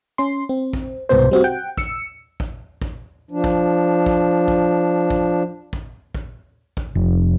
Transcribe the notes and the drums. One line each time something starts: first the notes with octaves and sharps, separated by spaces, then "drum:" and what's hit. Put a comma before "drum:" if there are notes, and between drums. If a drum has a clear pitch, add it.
C#4 C6
C4
drum: kick
C2 G#2 B2 B3 C5
G3 C4 F#4
F#5 G5
E6 C#7, drum: kick
drum: kick
drum: kick
F3 D4
drum: kick
drum: kick
drum: kick
drum: kick
drum: kick
drum: kick
drum: kick
F1